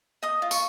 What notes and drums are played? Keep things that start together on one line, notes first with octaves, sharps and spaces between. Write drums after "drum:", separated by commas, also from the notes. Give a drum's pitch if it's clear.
D#5 D#6
F4
C#6, drum: tambourine